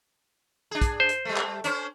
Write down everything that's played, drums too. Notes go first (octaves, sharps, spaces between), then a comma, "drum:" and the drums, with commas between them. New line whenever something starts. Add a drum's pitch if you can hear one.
D4 G#4
drum: kick, hi-hat
C5
drum: hi-hat
G3 A3
drum: clap
C#4 D4 C5, drum: hi-hat